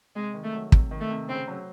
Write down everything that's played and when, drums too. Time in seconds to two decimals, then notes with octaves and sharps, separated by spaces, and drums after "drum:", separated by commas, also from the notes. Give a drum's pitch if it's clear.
0.16 C3 G#3
0.34 D#3
0.43 A3
0.53 F#3
0.72 C3, drum: kick
0.91 D#3
1.01 A3
1.10 C3
1.29 C#3 C4
1.48 F#3